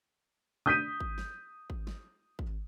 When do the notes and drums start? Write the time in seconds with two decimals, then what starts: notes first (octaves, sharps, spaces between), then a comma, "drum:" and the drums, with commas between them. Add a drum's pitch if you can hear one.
0.66 D#6 G6 B6 D#7
1.00 drum: kick G#1
1.18 drum: snare
1.70 drum: kick G#1
1.87 drum: snare
2.39 drum: kick G#1